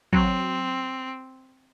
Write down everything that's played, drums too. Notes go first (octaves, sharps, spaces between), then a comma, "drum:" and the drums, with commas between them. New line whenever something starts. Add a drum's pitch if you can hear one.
F#3 C4, drum: kick